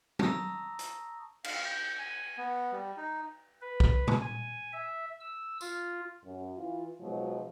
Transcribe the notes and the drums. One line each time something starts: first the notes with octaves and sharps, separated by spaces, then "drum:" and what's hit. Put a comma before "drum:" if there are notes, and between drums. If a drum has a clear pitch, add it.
A5 A#5 C#6 D#6 E6 A#6, drum: tom F#3
drum: hi-hat
F5, drum: cymbal
G6
G#5
B3
G3
D#4
B4
drum: kick
drum: tom A#2
G#5
E5
E6
F4, drum: tambourine
F#2
E3 F4
G#2 B2 F3 F#3 G#3